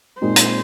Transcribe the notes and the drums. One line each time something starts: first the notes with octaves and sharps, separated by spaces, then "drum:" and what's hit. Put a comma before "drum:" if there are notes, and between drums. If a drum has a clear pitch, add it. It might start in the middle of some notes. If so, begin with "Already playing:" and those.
A#2 G#3 C4 D#4 C5
drum: hi-hat